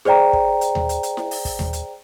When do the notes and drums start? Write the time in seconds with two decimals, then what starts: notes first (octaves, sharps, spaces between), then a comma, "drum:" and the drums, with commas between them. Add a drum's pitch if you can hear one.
0.05 G#4 C5 D5 G5 A#5, drum: snare E4
0.33 drum: kick
0.61 drum: hi-hat
0.75 drum: tom D#2
0.89 drum: hi-hat
1.03 drum: hi-hat
1.17 drum: snare E4
1.31 drum: open hi-hat
1.45 drum: kick, open hi-hat
1.59 drum: tom D#2
1.73 drum: hi-hat